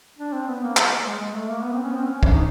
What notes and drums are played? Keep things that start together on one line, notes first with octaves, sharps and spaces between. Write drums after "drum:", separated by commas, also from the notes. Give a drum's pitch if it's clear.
D4
C4
B3
A#3
drum: clap
G#3
G#3
A3
A#3
B3
C4
C#4
B3
C4
C#4
D4, drum: kick
D#4